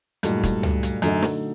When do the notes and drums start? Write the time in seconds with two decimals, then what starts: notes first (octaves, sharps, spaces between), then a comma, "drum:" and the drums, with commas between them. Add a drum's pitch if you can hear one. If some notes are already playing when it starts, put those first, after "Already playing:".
0.23 G2 A#2 F#3 A3 D#4, drum: hi-hat
0.43 drum: kick, hi-hat
0.63 drum: tom C#2
0.83 drum: hi-hat
1.02 F#2 D3 F#3 A3 D#4, drum: hi-hat
1.22 drum: snare